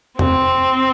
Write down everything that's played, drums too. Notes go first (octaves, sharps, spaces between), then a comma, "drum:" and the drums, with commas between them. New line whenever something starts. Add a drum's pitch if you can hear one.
C4, drum: tom E2